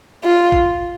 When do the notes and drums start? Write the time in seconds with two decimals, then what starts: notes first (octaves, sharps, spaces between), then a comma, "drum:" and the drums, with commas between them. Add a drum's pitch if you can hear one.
0.24 F4
0.52 drum: kick